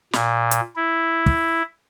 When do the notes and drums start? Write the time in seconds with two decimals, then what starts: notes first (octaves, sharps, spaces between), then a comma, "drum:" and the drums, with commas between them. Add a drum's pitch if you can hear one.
0.13 A#2, drum: snare
0.51 drum: hi-hat
0.76 E4
1.26 drum: kick